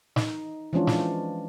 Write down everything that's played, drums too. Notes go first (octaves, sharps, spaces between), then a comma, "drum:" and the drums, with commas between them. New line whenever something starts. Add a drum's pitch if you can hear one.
D#4, drum: snare
E3 F3 G#3 C#4 D4 F4
drum: snare